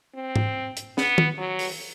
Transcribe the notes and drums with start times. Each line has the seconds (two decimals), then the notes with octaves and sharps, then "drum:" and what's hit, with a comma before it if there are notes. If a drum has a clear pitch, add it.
0.15 C4
0.36 drum: tom G#2
0.77 drum: hi-hat
0.98 B3, drum: snare
1.18 drum: tom
1.38 F#3
1.59 drum: open hi-hat